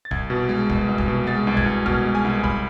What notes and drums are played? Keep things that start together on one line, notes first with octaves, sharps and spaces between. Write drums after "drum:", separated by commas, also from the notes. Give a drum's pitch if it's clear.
A6
C2 G#6, drum: kick
B2
G#3
C2, drum: kick
C2
drum: kick
B2
G#3 A6
C2
G#6, drum: kick
C2
B2 F6, drum: kick
G#3
G#5
C2
B5, drum: kick